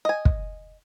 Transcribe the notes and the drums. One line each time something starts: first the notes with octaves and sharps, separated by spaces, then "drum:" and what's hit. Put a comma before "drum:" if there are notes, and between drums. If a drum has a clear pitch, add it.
D#5 G#5
drum: kick